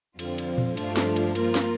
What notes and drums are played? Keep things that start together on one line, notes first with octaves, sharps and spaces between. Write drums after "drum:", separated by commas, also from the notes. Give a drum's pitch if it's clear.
F2 D3 F3 C4 F4, drum: cymbal
drum: cymbal
drum: tom A#2
G2 F3 A3 D4 F4, drum: cymbal
drum: snare
drum: cymbal
F3 A#3 F4 A#4, drum: cymbal
drum: snare